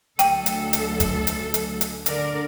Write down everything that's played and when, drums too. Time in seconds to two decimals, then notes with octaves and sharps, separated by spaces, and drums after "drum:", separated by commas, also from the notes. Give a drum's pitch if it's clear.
0.19 D2 F#3 A4 G5, drum: hi-hat
0.46 drum: hi-hat
0.73 drum: hi-hat
1.00 drum: kick, hi-hat
1.27 drum: hi-hat
1.54 drum: hi-hat
1.81 drum: hi-hat
2.06 D3 A#4 D5, drum: hi-hat